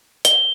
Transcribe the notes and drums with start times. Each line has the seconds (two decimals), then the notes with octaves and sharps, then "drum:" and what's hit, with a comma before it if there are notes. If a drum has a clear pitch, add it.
0.25 G7, drum: hi-hat